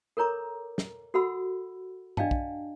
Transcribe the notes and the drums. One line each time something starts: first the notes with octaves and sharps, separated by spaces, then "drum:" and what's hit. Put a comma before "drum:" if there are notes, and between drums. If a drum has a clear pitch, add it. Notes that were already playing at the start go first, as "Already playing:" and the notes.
A4 A#4 C#5 A#5 D6
drum: snare
F#4 A4 F#5 B5 E6
D4 D5 D#5 F5 G5 A5, drum: tom G2
drum: kick